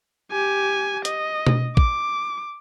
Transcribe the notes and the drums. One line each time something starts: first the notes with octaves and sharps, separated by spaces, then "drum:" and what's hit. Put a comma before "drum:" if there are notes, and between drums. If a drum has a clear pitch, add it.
G4 G#5
D#5, drum: hi-hat
drum: tom B2
D6, drum: kick